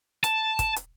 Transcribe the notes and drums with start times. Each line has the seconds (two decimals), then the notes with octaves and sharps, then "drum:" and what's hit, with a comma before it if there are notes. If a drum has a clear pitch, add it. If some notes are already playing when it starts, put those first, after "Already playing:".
0.24 A5, drum: hi-hat
0.59 drum: kick, hi-hat
0.76 drum: hi-hat